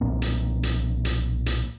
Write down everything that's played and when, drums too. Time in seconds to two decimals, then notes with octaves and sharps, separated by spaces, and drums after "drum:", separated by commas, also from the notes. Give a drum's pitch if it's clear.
0.01 B1 A#2 A#3 C4
0.22 drum: hi-hat
0.63 drum: hi-hat
1.05 drum: hi-hat
1.46 drum: hi-hat